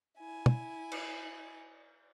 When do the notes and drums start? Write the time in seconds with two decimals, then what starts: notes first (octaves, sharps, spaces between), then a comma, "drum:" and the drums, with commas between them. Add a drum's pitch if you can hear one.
0.18 E4 G#5
0.46 drum: tom
0.91 drum: cymbal